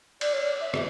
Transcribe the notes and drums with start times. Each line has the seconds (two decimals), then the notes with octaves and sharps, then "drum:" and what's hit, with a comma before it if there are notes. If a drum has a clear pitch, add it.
0.21 D5, drum: cymbal
0.33 C#5
0.41 D5
0.60 E5
0.74 drum: rim click